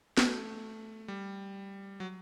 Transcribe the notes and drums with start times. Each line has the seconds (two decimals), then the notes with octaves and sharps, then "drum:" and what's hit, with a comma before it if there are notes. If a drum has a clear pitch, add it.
0.18 A3, drum: snare
1.08 G3
2.00 F#3